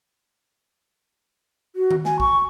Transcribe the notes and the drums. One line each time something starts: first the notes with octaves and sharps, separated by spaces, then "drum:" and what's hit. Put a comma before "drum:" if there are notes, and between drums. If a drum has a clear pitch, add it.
F#4
drum: tom D#3
G#5, drum: snare
C#6, drum: kick A1